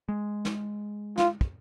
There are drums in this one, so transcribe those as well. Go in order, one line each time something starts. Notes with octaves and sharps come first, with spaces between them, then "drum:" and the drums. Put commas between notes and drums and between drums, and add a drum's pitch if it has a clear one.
G#3
drum: snare
F4, drum: snare
drum: kick